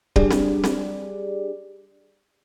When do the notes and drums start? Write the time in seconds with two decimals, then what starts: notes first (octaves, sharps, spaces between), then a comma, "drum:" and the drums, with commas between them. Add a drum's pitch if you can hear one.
0.16 G3 D4 G4 G#4 D5, drum: kick D1
0.31 drum: snare C4
0.64 drum: snare C4